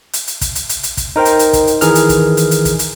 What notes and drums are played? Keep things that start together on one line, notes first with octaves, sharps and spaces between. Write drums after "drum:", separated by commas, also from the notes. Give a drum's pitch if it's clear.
drum: hi-hat
drum: hi-hat
drum: kick, hi-hat
drum: hi-hat
drum: hi-hat
drum: hi-hat
drum: kick, hi-hat
D#4 A#4 C5 G5
drum: hi-hat
drum: hi-hat
drum: kick, hi-hat
drum: hi-hat
D#3 E3 G#4 A#5 F6, drum: hi-hat
drum: hi-hat
drum: kick, hi-hat
drum: hi-hat
drum: hi-hat
drum: kick, hi-hat
drum: hi-hat